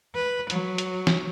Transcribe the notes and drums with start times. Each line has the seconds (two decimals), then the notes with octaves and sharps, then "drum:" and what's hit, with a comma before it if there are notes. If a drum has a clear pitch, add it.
0.14 B4
0.50 F#3, drum: hi-hat
0.78 drum: hi-hat
1.07 drum: snare